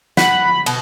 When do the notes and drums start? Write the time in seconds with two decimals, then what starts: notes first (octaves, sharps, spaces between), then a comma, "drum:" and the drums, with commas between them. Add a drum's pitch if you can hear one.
0.17 F#5 B5, drum: snare
0.66 B2, drum: cymbal